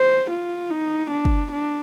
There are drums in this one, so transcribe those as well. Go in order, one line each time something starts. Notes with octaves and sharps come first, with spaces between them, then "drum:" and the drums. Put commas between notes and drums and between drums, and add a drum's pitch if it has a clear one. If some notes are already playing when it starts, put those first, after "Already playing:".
Already playing: C5
F4
D#4
D4
drum: kick
D4